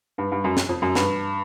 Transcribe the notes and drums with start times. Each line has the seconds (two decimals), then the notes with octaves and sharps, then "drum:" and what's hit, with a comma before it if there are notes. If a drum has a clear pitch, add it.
0.18 G2
0.32 G2
0.44 F#2
0.57 drum: snare
0.69 F2
0.82 F#2
0.95 G2, drum: snare